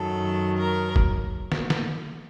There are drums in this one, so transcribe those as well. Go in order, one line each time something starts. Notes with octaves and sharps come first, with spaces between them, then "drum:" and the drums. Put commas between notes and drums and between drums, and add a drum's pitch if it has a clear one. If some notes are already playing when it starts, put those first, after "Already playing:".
Already playing: F#2 D#3 F#3 A4
A#4
drum: kick
drum: snare
drum: snare